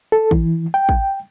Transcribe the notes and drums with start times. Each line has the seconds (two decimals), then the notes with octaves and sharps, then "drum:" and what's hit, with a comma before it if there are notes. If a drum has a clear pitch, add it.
0.12 A4
0.31 E3, drum: kick
0.74 G5
0.89 drum: kick